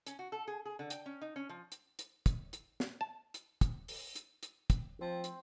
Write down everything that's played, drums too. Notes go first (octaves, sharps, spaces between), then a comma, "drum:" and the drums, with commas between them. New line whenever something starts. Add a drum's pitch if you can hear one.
C#4, drum: hi-hat
F#4
A4
G#4
G#4
D3
G5, drum: hi-hat
C#4
D#4
C#4
F3
drum: hi-hat
drum: hi-hat
drum: kick, hi-hat
drum: hi-hat
drum: snare
A5
drum: hi-hat
drum: kick, hi-hat
drum: open hi-hat
drum: hi-hat
drum: hi-hat
drum: kick, hi-hat
F3 C4
drum: hi-hat